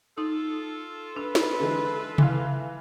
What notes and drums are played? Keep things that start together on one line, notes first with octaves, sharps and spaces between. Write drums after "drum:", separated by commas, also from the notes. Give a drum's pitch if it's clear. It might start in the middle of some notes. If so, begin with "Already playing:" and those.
D#4 F4 A4
D4 B4 E6
drum: snare
D3 E3 G#3
E3 F5, drum: tom C3